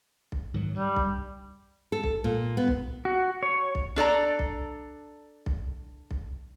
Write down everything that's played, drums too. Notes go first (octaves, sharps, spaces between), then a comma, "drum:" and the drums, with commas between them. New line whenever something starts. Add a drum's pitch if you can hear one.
drum: kick B1
G#2 D#3 F#3
G2 G3
drum: kick B1
A4
drum: kick B1
A#2
B3
drum: kick B1
F#4
C#5
drum: kick B1
D4 A4 D5 A#5
drum: kick B1
drum: kick B1
drum: kick B1